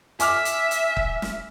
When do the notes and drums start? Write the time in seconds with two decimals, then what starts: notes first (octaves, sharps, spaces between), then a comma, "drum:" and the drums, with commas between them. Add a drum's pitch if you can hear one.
0.20 E5 G#5 D6 F6, drum: hi-hat
0.45 drum: hi-hat
0.71 drum: hi-hat
0.97 drum: kick
1.22 drum: snare